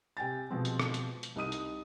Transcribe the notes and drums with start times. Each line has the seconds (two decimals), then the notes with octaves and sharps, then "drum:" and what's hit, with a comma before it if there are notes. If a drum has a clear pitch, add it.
0.17 C3 G5 G#5 A6
0.51 B2 F3 G#3 C4
0.65 drum: hi-hat
0.80 drum: rim click
0.94 drum: hi-hat
1.23 drum: hi-hat
1.36 C2 D#4 D#6 D#7
1.52 drum: hi-hat